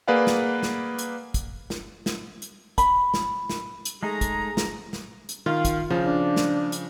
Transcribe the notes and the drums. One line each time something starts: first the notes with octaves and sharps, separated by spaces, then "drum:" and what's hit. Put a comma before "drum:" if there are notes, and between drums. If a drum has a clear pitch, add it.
A#3 G#4 B4 D5 F5 F#5
drum: snare
drum: snare
drum: hi-hat
drum: kick, hi-hat
drum: snare
drum: snare
drum: hi-hat
B5, drum: kick, hi-hat
drum: snare
drum: snare
drum: hi-hat
G#3 A3 D#4 G#4 A#5
drum: kick, hi-hat
drum: snare
drum: snare
drum: hi-hat
D#3 F4 F5
drum: kick, hi-hat
C#3 F3
D4
drum: snare
drum: hi-hat